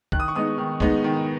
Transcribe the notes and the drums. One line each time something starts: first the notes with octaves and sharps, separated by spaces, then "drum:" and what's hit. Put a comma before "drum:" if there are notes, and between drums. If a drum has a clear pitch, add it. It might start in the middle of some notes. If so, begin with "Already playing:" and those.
D#3 F#6, drum: kick
D#6
C#6
G#3 B3 D#4 D#6
D#3
G#3 B3 D#4, drum: kick
D#3